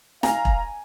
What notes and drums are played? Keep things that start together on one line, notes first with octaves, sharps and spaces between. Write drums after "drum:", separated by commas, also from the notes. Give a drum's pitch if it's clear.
F5 G#5 A#5, drum: snare
drum: kick E1